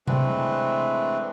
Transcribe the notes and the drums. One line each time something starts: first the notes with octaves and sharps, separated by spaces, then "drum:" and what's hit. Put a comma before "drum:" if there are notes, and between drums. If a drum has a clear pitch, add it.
E3 G#3 A3 C4 D4 B4, drum: tom C3